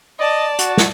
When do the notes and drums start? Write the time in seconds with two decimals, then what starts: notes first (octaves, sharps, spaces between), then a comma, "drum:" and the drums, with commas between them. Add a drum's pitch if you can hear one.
0.19 D5 D#5 A5
0.59 F#4, drum: hi-hat
0.78 drum: snare